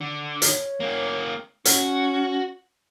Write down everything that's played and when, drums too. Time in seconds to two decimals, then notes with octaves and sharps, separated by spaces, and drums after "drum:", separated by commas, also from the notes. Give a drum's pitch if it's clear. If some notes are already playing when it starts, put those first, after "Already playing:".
0.01 D3
0.42 C#5, drum: hi-hat
0.80 A#3 C#4
1.65 C#4 F#4, drum: hi-hat